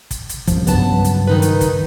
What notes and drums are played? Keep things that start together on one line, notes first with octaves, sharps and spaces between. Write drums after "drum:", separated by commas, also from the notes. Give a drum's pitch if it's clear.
drum: kick, hi-hat
drum: hi-hat
C2 F#2 F3, drum: kick, hi-hat
G2 C#3 F#3 B3 A5, drum: hi-hat
drum: hi-hat
D#3 D#4 B4
drum: hi-hat
drum: kick, hi-hat